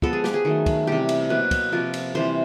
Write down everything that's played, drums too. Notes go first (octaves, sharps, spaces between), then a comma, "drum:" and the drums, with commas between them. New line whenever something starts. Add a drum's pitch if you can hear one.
F3 G#3 B3 A4, drum: kick
G#4
G4, drum: snare
G#4
D#3 F#3 A3
drum: kick, cymbal
C3 E3 G3 G4
drum: cymbal
B2 F#3 A#3 B4
drum: kick, cymbal
C3 F3 A#3
drum: cymbal
C3 E3 G3 C5